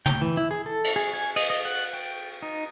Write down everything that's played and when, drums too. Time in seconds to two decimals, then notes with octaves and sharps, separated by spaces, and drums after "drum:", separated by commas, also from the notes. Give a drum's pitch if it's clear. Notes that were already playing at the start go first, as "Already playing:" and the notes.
0.06 G5, drum: tom
0.21 E3
0.37 E4
0.51 G#4
0.66 A4
0.84 drum: cymbal
0.96 G#4
1.13 G#5
1.36 D#5, drum: cymbal
1.50 D#5
1.65 F#5
1.93 G5
2.42 D#4